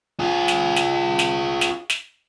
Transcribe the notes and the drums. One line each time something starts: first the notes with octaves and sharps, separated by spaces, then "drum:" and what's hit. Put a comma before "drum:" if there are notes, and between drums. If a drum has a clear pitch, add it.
F4 G#4
drum: snare
drum: snare
drum: snare
drum: snare
drum: snare